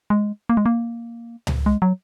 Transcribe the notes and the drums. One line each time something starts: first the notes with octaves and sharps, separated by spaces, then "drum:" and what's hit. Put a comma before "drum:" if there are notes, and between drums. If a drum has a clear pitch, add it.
G#3
A#3
G#3
A#3
drum: tom C#2
G#3
F#3